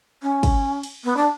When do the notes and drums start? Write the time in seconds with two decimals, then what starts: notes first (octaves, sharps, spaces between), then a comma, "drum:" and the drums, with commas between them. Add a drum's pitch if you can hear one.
0.22 C#4
0.43 drum: kick, cymbal
0.83 drum: cymbal
1.04 B3
1.17 D4